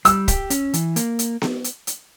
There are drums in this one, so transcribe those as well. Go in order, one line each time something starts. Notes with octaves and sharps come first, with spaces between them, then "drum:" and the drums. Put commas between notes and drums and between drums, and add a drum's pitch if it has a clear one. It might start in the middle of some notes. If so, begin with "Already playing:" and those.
G3 E6, drum: hi-hat
G4, drum: kick, hi-hat
C#4, drum: hi-hat
E3, drum: hi-hat
A#3, drum: hi-hat
drum: hi-hat
drum: snare B3
drum: hi-hat
drum: hi-hat